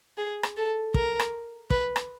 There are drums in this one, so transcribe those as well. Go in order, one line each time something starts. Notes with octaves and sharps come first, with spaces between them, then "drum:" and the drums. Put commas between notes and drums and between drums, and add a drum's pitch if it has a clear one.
G#4
drum: rim click
A4
A#4, drum: kick
drum: rim click
B4, drum: kick
drum: rim click